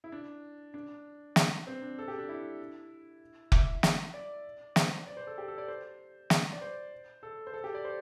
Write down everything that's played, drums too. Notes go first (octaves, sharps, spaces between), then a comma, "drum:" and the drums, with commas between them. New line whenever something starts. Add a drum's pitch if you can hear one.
E4
D4
D4
drum: snare
C4
D4
A4
G4
D4
E4
E5, drum: kick F1
drum: snare
D5
C5, drum: snare
D5
C5
A4
G4
A4
D5
C5
drum: snare
D5
C5
A4
C5
A4
G4
D5
C5